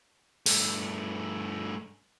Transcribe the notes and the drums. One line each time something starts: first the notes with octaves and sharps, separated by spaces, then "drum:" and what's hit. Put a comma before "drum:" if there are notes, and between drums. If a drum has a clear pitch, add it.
G2 A3, drum: open hi-hat